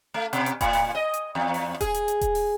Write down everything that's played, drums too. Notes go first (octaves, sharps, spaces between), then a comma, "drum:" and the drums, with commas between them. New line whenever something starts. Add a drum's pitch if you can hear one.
A3
B2, drum: hi-hat
drum: hi-hat
A2, drum: kick E1, hi-hat
drum: open hi-hat
D#5
drum: hi-hat
E2
drum: open hi-hat
G#4, drum: kick E1, hi-hat
drum: hi-hat
drum: hi-hat
drum: kick E1, hi-hat
drum: open hi-hat